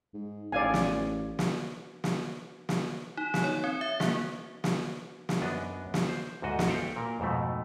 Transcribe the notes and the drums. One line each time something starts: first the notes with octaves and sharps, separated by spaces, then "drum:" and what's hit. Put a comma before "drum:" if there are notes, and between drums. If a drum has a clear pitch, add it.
G#2
A1 D5 F5 G#5
drum: snare
drum: snare
drum: snare
drum: snare
D#4
drum: snare
C#5
C4
E5
A#3, drum: snare
drum: snare
drum: snare
F#2 B3 D4 D#5
drum: snare
C5
D2 G#2 F#4 D#5
drum: snare
A4 E5 F5 G5
A#2 A#4
F2 G#2 B2 A3